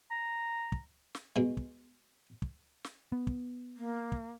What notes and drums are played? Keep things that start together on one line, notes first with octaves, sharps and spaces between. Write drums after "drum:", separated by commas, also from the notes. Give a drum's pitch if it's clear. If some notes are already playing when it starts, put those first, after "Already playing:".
A#5
drum: kick
drum: snare
B2 G#3
drum: kick
drum: kick
drum: snare
B3
drum: kick
A#3
drum: kick